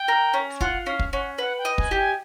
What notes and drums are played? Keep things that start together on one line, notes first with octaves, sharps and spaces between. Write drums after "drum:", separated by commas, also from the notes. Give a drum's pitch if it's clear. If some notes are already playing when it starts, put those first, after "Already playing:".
Already playing: G5
A#4
C#4
F4 F#5, drum: kick
C#4 F5
drum: kick
C#4 F#5
B4 F#5
G5
D#5
G#5, drum: kick
G4
G#5